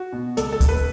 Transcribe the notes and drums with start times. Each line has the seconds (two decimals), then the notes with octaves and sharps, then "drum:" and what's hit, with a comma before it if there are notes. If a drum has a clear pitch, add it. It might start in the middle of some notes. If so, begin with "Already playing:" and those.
Already playing: F#4
0.13 B2
0.37 C#2 A4, drum: hi-hat
0.52 A4
0.61 C#2, drum: kick, hi-hat
0.69 B4